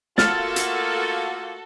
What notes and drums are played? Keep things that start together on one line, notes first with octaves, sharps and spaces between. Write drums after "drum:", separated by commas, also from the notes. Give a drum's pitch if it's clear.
A3 A#3 F4 F#4 A4 F6 A6, drum: snare
drum: hi-hat